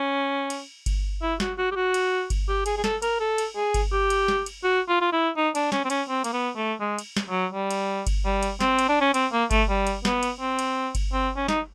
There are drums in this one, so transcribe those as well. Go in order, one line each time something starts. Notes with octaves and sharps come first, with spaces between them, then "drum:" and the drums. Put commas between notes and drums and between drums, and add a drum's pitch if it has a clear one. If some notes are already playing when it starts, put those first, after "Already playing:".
Already playing: C#4
drum: cymbal
drum: kick G1, cymbal
E4
F#4, drum: snare
F#4
G4
F#4
drum: cymbal
drum: kick G1, cymbal
G4
G#4, drum: cymbal
G#4
A4, drum: snare
A#4, drum: cymbal
A4
drum: cymbal
G#4
drum: kick G1, cymbal
G4
drum: cymbal
drum: snare
drum: cymbal
F#4
F4
F4
E4
D#4
D4, drum: cymbal
C#4, drum: snare
C4
C#4, drum: cymbal
C4
A#3, drum: cymbal
B3
A3
G#3
drum: cymbal
drum: snare
F#3
G3
drum: cymbal
drum: kick G1, cymbal
G3
drum: cymbal
C4, drum: snare
drum: cymbal
D4
C#4
C4, drum: cymbal
A#3
A3, drum: kick G1, cymbal
G3
drum: cymbal
B3, drum: snare
drum: cymbal
C4
drum: cymbal
drum: kick G1, cymbal
C4
C#4
D#4, drum: snare